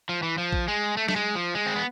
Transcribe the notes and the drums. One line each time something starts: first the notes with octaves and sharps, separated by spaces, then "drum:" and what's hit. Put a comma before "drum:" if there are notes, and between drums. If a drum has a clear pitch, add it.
F3
E3
F3
drum: kick
G#3
A3
A3, drum: snare
G#3
F3
G#3
C4
B3